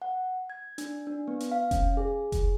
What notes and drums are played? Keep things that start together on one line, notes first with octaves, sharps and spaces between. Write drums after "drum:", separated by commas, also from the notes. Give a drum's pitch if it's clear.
F#5
G#6
D4, drum: hi-hat
D4
B3
drum: hi-hat
F5
C#4, drum: kick F1, hi-hat
G#4
drum: kick F1, hi-hat